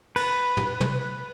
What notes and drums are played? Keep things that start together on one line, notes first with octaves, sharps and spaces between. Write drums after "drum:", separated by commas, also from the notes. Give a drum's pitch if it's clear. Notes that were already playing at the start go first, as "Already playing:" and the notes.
B4, drum: cymbal
drum: tom
drum: tom